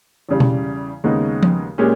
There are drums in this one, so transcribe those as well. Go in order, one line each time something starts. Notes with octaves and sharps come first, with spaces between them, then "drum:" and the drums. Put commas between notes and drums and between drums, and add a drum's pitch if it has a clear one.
E2 C#3 G3
drum: tom B2
D#2 C#3 G#3 B3 D#4
drum: tom F3
A#2 G#3 C#4 G4